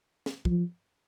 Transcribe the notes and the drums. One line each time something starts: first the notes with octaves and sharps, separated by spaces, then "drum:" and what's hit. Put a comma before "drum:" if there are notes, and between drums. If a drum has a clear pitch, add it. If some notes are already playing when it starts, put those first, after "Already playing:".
drum: snare
F3, drum: kick